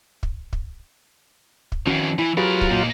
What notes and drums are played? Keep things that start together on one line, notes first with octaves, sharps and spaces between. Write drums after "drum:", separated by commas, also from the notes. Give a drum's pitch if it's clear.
drum: kick
drum: kick
drum: kick
F2 D#3 E3 C#4 F#4
E3 E4 G#5
F#3 F4 G4 G#4 A#4 B4 C#5
drum: kick
A#2 A#3 D#4